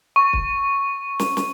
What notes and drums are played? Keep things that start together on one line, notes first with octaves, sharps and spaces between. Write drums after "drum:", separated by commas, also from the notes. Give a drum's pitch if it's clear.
C#6
drum: kick
drum: snare
drum: snare